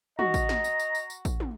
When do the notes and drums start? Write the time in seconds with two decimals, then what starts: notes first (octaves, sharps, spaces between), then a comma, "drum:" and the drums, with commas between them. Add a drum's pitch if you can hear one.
0.19 F#4 D#5 A#5, drum: tom
0.34 drum: kick A1, tambourine
0.49 drum: snare
0.64 drum: tambourine
0.80 drum: tambourine
0.95 drum: tambourine
1.10 drum: tambourine
1.25 drum: kick A1, tambourine
1.40 drum: tom